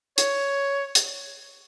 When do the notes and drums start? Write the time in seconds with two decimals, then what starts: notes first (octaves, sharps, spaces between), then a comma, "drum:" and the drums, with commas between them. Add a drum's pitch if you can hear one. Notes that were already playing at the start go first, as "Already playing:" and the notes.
0.18 C#5, drum: hi-hat
0.95 drum: hi-hat